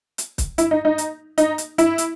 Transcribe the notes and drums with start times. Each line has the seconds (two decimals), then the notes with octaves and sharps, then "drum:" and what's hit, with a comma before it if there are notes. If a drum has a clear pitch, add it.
0.18 drum: hi-hat
0.38 drum: kick, hi-hat
0.58 E4, drum: hi-hat
0.71 D#4
0.85 D#4
0.98 drum: hi-hat
1.38 D#4, drum: hi-hat
1.58 drum: hi-hat
1.78 E4, drum: hi-hat
1.98 drum: hi-hat